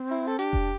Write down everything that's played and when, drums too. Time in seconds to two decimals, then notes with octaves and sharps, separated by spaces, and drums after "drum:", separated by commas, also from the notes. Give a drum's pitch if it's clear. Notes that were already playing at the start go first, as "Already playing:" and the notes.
Already playing: C4
0.11 E4
0.27 A4
0.39 D4 G4, drum: hi-hat
0.53 drum: kick F1